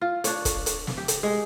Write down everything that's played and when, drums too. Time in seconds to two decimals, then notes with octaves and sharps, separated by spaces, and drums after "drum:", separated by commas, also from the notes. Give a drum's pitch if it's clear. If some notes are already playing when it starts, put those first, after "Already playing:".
0.01 F4
0.24 D4 C#5, drum: hi-hat
0.45 drum: kick, hi-hat
0.66 drum: hi-hat
0.87 drum: snare
0.98 G4
1.08 drum: hi-hat
1.23 G#3